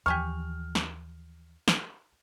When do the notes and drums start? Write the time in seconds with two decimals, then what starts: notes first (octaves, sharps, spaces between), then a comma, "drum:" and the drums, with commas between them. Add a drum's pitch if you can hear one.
0.06 D#2 E3 F3 G4 G#5 C#6 F6
0.75 drum: snare
1.68 drum: snare